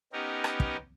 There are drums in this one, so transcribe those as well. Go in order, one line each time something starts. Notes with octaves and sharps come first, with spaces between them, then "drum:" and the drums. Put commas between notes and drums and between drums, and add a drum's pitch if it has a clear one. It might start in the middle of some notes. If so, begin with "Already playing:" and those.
B3 C#4 D#4 G4 A#4
drum: rim click
drum: kick